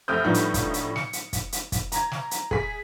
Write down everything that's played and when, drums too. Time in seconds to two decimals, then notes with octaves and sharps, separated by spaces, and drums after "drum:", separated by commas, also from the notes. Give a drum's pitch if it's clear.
0.08 F1 A3 C4 D#6 F6 G6
0.24 A2 D3 F3 G3 B3 D#4
0.34 drum: hi-hat
0.54 drum: kick, hi-hat
0.74 drum: hi-hat
0.96 C#7, drum: snare
1.13 drum: hi-hat
1.33 drum: kick, hi-hat
1.52 drum: hi-hat
1.72 drum: kick, hi-hat
1.92 A#5 G#6, drum: hi-hat
2.12 drum: snare
2.31 drum: hi-hat
2.51 G#4 B6, drum: kick